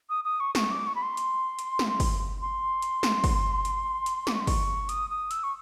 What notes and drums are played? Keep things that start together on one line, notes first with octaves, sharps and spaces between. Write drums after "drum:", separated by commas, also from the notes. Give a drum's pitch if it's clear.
D#6
D#6
C#6
C#6, drum: snare
D6
C#6
B5
C6
drum: hi-hat
drum: hi-hat
drum: snare
drum: kick, open hi-hat
C6
drum: hi-hat
drum: snare
drum: kick, open hi-hat
drum: hi-hat
drum: hi-hat
D6, drum: snare
C#6
C6
C#6, drum: kick, open hi-hat
D#6, drum: hi-hat
D#6
E6, drum: hi-hat
C#6